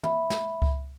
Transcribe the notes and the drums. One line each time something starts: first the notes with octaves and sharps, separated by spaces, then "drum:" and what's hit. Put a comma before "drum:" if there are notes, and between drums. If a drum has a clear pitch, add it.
E5 B5, drum: tom
drum: snare
drum: kick C#2